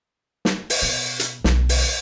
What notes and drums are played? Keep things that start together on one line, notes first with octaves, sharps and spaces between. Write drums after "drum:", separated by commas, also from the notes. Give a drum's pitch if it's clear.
drum: snare
drum: open hi-hat
B2
drum: hi-hat
B1 D3, drum: snare
drum: open hi-hat